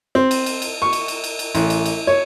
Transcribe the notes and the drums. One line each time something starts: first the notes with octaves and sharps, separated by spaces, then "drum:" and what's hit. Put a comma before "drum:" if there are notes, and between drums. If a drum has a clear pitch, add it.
C4
drum: cymbal
drum: cymbal
drum: cymbal
C#6
drum: cymbal
drum: cymbal
drum: cymbal
drum: cymbal
A1, drum: cymbal
drum: cymbal
drum: cymbal
C#5